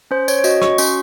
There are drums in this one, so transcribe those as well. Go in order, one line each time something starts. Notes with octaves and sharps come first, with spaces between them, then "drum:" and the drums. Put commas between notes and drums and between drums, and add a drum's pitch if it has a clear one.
C#4 C5
C#5, drum: tambourine
C#5
F#4 D#5, drum: tambourine
C#6, drum: rim click
C#4 C6, drum: tambourine